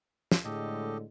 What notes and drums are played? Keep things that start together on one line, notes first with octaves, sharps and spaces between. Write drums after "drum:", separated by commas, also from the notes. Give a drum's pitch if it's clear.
drum: snare
A2 D3 G#3 G4 A4 D#5